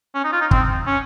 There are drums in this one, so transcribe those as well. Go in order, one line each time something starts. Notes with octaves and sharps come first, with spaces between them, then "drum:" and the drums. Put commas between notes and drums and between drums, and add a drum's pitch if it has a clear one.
C#4
D#4
F4
D#4
C4, drum: kick
C#4